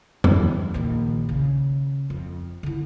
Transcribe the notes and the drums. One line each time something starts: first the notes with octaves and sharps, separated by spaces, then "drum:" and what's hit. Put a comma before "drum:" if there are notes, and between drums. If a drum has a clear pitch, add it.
E3, drum: tom E2
A#1 D#3
C#3
F2
D3 E4